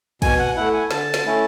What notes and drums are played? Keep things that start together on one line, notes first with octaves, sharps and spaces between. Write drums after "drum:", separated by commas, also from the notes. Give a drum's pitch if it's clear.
B2 G#5, drum: kick, cymbal
F#5
A3 E4 F#5
G#5
D3 A5, drum: snare
drum: snare
A3 C#4 E4